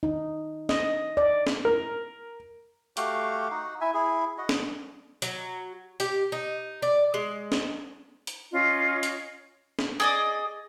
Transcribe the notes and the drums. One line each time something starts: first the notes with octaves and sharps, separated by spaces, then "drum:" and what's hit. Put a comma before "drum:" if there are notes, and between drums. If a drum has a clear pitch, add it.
D#4
D#5, drum: snare
D5
drum: snare
A#4
A3 F#4 G4 F5, drum: hi-hat
D#4 F#4
E4 E5 G#5
E4 G#4
F#4 D#5
drum: snare
F#3, drum: hi-hat
G4, drum: hi-hat
D#4
D5
G#3
drum: snare
drum: hi-hat
C#4 F4 D#5
drum: hi-hat
drum: snare
G#4 D5 D#5